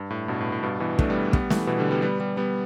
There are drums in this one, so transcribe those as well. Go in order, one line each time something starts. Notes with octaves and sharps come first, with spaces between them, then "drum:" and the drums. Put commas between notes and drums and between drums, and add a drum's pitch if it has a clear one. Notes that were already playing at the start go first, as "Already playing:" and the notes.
Already playing: G2
A2
G2 B2
A2
A2
G2 B2
B2 E3
A3 D4, drum: kick
G3 B3
G3 B3, drum: kick
E3 A3, drum: snare
B2 E3
D3 G3
G3 B3
G3 B3
G3 B3
G3 B3